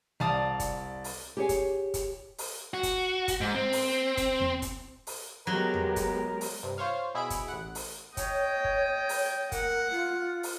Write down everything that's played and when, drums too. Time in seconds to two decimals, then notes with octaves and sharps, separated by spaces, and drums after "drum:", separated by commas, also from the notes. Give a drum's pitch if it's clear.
0.20 C2 D5 F5 A5 D#6
0.60 drum: kick, hi-hat
1.04 drum: open hi-hat
1.37 G4 G#4 C#5 G#5
1.49 drum: kick, hi-hat
1.94 drum: kick, hi-hat
2.38 drum: open hi-hat
2.74 F#4
2.83 drum: kick, hi-hat
3.28 drum: kick, hi-hat
3.41 G#2
3.55 C4
3.73 drum: open hi-hat
4.17 drum: kick, hi-hat
4.40 drum: tom E2
4.62 drum: kick, hi-hat
5.07 drum: open hi-hat
5.47 F#3 G#3 B3 G4 A#4
5.74 drum: tom E2
5.96 drum: kick, hi-hat
6.41 drum: open hi-hat
6.63 G2 C3
6.78 F4 C5 C#5 F5
7.14 B2 E4 G#4 E5 B5 D7
7.30 drum: kick, hi-hat
7.48 A1 F#5
7.75 drum: open hi-hat
8.17 C#5 D#5 G5, drum: kick, hi-hat
8.64 drum: kick
9.09 drum: open hi-hat
9.52 A#4 F#5, drum: kick, hi-hat
9.92 F4
10.43 drum: open hi-hat